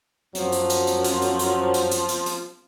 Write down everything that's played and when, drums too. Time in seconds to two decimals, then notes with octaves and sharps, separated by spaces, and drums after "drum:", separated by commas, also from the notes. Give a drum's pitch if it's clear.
0.35 F#2 F3 F#3, drum: hi-hat
0.52 drum: hi-hat
0.70 drum: hi-hat
0.87 drum: hi-hat
1.04 drum: hi-hat
1.22 drum: hi-hat
1.39 drum: hi-hat
1.74 drum: hi-hat
1.91 drum: hi-hat
2.09 drum: hi-hat
2.26 drum: hi-hat